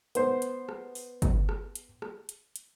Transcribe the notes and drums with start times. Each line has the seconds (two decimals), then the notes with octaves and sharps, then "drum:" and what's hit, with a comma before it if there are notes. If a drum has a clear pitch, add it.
0.15 B3 C5, drum: hi-hat
0.42 drum: hi-hat
0.69 drum: rim click
0.95 drum: open hi-hat
1.22 drum: kick G1, hi-hat
1.49 drum: rim click
1.75 drum: hi-hat
2.02 drum: rim click
2.29 drum: hi-hat
2.56 drum: hi-hat